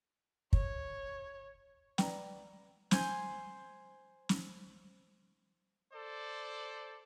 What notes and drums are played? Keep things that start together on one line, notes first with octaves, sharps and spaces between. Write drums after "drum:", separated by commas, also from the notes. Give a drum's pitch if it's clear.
C#5, drum: kick
B4 D5 G5 A#5, drum: snare
C5 G#5, drum: snare
drum: snare
A4 C5 D5